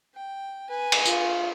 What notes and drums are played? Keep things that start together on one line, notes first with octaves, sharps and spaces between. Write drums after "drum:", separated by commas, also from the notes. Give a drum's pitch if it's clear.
G5
B4 G#5
drum: cymbal
F4, drum: tambourine